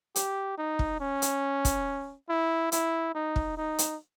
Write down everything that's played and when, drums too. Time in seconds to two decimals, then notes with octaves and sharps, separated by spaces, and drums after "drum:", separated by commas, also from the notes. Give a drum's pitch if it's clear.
0.16 G4, drum: hi-hat
0.58 D#4
0.79 drum: kick
1.00 C#4
1.22 drum: hi-hat
1.65 drum: kick, hi-hat
2.29 E4
2.72 E4, drum: hi-hat
3.15 D#4
3.36 drum: kick
3.57 D#4
3.78 drum: hi-hat